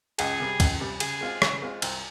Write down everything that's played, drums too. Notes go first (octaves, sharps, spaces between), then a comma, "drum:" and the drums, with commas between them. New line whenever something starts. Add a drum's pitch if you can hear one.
C#2 G#4, drum: cymbal
C3 G3
C#2, drum: kick, cymbal
C3 G3
C#3 G#4, drum: cymbal
G#3 C4 F4
C#3, drum: rim click
G#3 C4 F4
C2 C4, drum: cymbal